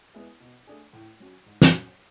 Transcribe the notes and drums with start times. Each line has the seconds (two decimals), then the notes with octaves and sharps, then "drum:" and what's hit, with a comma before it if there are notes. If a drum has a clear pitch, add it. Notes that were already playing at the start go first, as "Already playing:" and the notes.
0.14 G#3 B3 E4 G#4
0.40 B2
0.67 A3 D4 G#4
0.93 A2
1.20 F#3 C#4 F#4
1.46 G#2
1.62 drum: snare
1.73 F#3 C#4 F#4